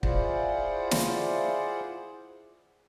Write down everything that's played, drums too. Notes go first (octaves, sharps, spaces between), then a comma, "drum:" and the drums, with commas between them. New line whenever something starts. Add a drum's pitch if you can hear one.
E4 F4 G#4 C5 D5 F#5, drum: kick
drum: snare